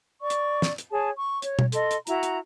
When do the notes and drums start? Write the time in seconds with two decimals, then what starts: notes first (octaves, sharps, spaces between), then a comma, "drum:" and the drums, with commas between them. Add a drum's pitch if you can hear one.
0.20 D5 C#6
0.30 drum: hi-hat
0.62 drum: snare
0.78 drum: hi-hat
0.91 G#4 C#5 A5
1.18 C#6
1.42 C#5, drum: hi-hat
1.59 drum: tom B2
1.72 A4 D#5 C6, drum: hi-hat
1.91 drum: hi-hat
2.07 E4 F#4 A#5, drum: hi-hat
2.23 drum: hi-hat